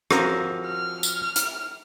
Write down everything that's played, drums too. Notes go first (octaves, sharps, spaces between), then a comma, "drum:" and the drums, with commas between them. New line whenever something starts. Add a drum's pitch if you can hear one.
F3 C4 C#4 F#4 A#4 F5, drum: rim click
F6
drum: tambourine
drum: hi-hat